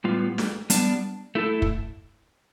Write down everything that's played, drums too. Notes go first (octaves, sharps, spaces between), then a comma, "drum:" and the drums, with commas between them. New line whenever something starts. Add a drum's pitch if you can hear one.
A2 G3 B3 F4
drum: snare
G3 B3 D4, drum: hi-hat
A3 E4 A4
drum: kick